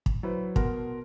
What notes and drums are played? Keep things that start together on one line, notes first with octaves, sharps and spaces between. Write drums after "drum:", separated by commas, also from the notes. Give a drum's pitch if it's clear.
drum: kick
F#3 E4 B4 C5
B2 A#4 F#5 A5 C6, drum: kick